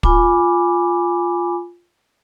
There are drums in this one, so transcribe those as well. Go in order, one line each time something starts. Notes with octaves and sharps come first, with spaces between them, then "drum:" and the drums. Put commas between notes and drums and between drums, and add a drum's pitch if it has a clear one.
F4 G#5 B5 D6, drum: kick